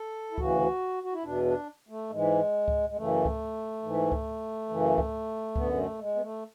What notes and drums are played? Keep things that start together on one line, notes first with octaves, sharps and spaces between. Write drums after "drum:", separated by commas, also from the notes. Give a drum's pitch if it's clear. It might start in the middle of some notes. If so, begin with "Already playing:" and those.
Already playing: A4
E4
D2 C#3 E3 F#4, drum: kick C#2
F#4
E4
E2 B2 D4
D4
A3
G#2 E3 G#3
drum: kick C#2
G#3
F#2 C#3 E3 A3
drum: kick C#2
G#2 E3
drum: kick C#2
F#2 C#3 E3
drum: kick C#2
F#2 D3 B3, drum: kick C#2
A3
G#3
B3
A3